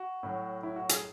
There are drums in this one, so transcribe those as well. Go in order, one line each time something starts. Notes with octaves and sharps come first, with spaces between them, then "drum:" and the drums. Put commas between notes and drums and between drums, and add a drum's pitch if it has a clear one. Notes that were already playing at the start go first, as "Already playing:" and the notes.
Already playing: F#4
A2 F#3
E4
F#4
G#4, drum: hi-hat